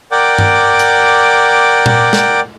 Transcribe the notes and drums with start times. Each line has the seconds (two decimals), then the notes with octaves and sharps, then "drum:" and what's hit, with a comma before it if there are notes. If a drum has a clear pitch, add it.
0.11 A#4 D5 F#5 G5 D6
0.38 drum: tom G2
0.79 drum: hi-hat
1.86 drum: tom A#2
2.13 drum: snare